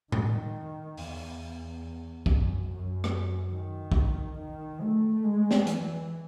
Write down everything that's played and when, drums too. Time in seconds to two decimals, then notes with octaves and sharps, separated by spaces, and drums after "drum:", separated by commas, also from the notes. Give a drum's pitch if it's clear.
0.12 D#3, drum: tom A2
0.97 E2, drum: open hi-hat
2.26 F#2, drum: kick
2.69 F#2
3.04 drum: rim click
3.53 D#3
3.92 drum: kick
4.39 D#3
4.82 A3
5.24 G#3
5.51 drum: snare
5.67 E3, drum: hi-hat